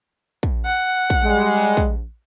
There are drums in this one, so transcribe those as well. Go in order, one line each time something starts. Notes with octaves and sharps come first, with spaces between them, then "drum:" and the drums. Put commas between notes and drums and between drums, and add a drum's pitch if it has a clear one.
drum: kick
F#5
drum: kick
G3 G#3
drum: kick